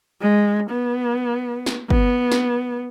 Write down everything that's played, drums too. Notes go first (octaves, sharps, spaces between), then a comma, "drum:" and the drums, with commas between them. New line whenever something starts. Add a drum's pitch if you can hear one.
G#3
B3
drum: snare
B3, drum: kick G1
drum: snare